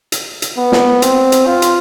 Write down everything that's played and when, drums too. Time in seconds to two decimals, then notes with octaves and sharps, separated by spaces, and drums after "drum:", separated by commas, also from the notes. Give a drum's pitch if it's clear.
0.12 drum: hi-hat
0.42 drum: hi-hat
0.57 B3
0.72 drum: snare
1.02 C4, drum: hi-hat
1.32 drum: hi-hat
1.47 F4
1.62 drum: hi-hat